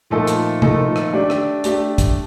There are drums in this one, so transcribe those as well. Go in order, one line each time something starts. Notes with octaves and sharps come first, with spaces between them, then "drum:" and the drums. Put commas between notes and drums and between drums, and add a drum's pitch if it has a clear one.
A#2 F3 A3 D#4 A4
drum: hi-hat
A#2 F3 A3 D#4 A4, drum: tom C3
drum: rim click
A3 D4 G4 D5
drum: rim click
A3 D4 G4 D5, drum: hi-hat
drum: kick, hi-hat